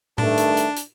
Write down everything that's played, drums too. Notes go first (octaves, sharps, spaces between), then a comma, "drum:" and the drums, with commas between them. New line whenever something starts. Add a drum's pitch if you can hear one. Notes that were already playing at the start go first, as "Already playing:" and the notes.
G2 D#3 A3 D4, drum: tom A2
drum: hi-hat
drum: hi-hat
drum: hi-hat